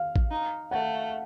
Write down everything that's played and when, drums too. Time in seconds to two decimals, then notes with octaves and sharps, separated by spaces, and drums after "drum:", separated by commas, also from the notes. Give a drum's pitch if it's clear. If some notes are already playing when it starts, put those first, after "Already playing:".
Already playing: F5
0.16 drum: kick A1
0.31 D#4
0.71 A3 F#5